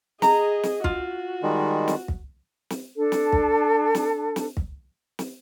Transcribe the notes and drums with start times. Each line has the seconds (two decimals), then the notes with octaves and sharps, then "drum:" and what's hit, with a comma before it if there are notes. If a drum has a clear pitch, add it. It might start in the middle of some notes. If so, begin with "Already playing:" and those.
0.22 G#4 D#5 A#5, drum: snare
0.63 drum: snare
0.84 F4 F#4, drum: kick
1.43 D#3 G3 G#3
1.88 drum: snare
2.08 drum: kick
2.70 drum: snare
2.97 D4 A4
3.12 drum: snare
3.32 drum: kick
3.95 drum: snare
4.36 drum: snare
4.57 drum: kick
5.19 drum: snare